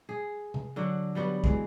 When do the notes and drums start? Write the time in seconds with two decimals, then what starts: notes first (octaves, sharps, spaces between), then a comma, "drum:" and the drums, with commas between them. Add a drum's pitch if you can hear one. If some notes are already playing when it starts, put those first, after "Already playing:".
0.09 G#4
0.54 drum: tom C3
0.76 D3 F#3 F#4
1.15 F#3 G3 B3 F#4
1.44 E3 G#3, drum: kick